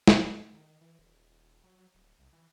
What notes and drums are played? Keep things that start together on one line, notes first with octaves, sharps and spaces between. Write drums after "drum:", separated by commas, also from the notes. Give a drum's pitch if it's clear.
drum: snare
D#3
E3
D#1
F#3
D1
C2
E3